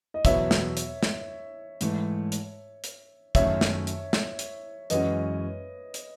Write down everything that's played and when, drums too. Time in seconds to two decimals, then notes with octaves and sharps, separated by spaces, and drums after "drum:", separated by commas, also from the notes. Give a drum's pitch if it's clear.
0.14 D#5
0.25 E2 B2 F#3 B3 C#5 E5, drum: kick, hi-hat
0.51 drum: snare
0.77 drum: hi-hat
1.03 drum: snare
1.81 G#2 E3 A3, drum: hi-hat
2.32 drum: hi-hat
2.84 drum: hi-hat
3.35 F#2 D#3 A3 C#5 E5, drum: kick, hi-hat
3.61 drum: snare
3.87 drum: hi-hat
4.13 drum: snare
4.39 drum: hi-hat
4.90 F#2 E3 G#3 C#4 F#4 B4 D#5, drum: hi-hat
5.94 drum: hi-hat